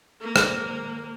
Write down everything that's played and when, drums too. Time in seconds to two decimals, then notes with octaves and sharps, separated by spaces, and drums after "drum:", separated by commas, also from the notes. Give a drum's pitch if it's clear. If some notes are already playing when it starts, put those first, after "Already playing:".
0.21 A#3
0.36 drum: rim click